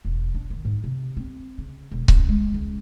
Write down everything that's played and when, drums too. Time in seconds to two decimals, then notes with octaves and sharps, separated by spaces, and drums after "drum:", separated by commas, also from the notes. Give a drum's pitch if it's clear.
0.05 E1
0.34 D4
0.50 D#3
0.65 G#2
0.84 C3
1.17 C4
1.58 C#3
1.91 E1
2.08 C#2, drum: kick C#1
2.29 G#3
2.54 C#2